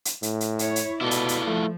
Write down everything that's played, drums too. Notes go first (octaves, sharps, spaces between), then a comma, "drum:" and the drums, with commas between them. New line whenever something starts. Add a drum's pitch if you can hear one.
drum: hi-hat
A2, drum: hi-hat
drum: hi-hat
E4 C#5, drum: hi-hat
drum: hi-hat
B2 E4 F4 A4 B4 D5
drum: hi-hat
drum: hi-hat
F3 A3